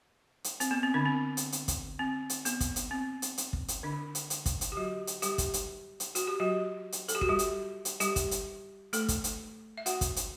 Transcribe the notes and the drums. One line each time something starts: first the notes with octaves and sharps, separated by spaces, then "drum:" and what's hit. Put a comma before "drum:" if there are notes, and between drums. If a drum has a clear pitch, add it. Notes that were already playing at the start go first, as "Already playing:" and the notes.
drum: hi-hat
C4, drum: hi-hat
B3
C4
D3 D4
C4
drum: hi-hat
drum: hi-hat
drum: kick, hi-hat
C4
drum: hi-hat
B3, drum: hi-hat
drum: kick, hi-hat
drum: hi-hat
C4
drum: hi-hat
drum: hi-hat
drum: kick
drum: hi-hat
D3 D4
drum: hi-hat
drum: hi-hat
drum: kick, hi-hat
drum: hi-hat
G4
F#3 F#4
drum: hi-hat
G3 G4, drum: hi-hat
drum: kick, hi-hat
drum: hi-hat
drum: hi-hat
F#4, drum: hi-hat
G4
F#3 F#4
drum: hi-hat
A4, drum: hi-hat
G4
F#4, drum: kick
G3 G4
drum: hi-hat
drum: hi-hat
G3 G4, drum: hi-hat
drum: kick, hi-hat
drum: hi-hat
A3 A4, drum: hi-hat
drum: kick, hi-hat
drum: hi-hat
E5
F#4 F#5, drum: hi-hat
drum: kick, hi-hat
drum: hi-hat